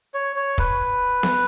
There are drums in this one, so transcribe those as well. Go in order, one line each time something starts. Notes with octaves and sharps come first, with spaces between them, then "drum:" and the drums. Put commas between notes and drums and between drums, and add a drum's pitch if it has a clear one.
C#5
C#5
B4, drum: kick
drum: snare B3